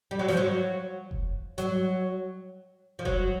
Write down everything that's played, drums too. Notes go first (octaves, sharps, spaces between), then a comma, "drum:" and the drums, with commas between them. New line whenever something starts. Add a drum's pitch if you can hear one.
G3
F#3
F3, drum: snare
F#3
drum: kick F1
F#3, drum: hi-hat
F3
F#3, drum: kick F1